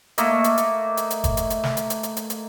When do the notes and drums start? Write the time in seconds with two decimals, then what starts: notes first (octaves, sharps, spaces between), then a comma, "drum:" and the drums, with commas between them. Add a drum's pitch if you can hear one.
0.18 A3 A#3 D#5, drum: hi-hat
0.44 drum: hi-hat
0.57 drum: hi-hat
0.97 drum: hi-hat
1.11 drum: hi-hat
1.24 drum: kick F1, hi-hat
1.37 drum: hi-hat
1.50 drum: hi-hat
1.64 drum: snare
1.77 drum: hi-hat
1.90 drum: hi-hat
2.03 drum: hi-hat
2.17 drum: hi-hat
2.30 drum: hi-hat